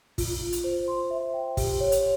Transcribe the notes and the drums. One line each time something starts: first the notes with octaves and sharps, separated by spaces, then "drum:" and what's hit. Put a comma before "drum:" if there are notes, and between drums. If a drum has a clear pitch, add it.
F4, drum: kick, open hi-hat
F4
drum: hi-hat
C5
C6
E5
G5
G4, drum: kick, open hi-hat
C#5
drum: hi-hat